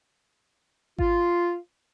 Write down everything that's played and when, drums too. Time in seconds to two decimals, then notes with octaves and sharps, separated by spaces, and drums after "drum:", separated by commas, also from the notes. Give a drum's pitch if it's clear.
0.98 F4, drum: kick G#1